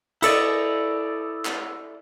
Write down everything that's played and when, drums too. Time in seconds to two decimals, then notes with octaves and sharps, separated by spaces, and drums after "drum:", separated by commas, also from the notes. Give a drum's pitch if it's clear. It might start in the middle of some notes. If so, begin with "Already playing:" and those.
0.22 E4 A4 D5 D#5, drum: cymbal
1.45 drum: clap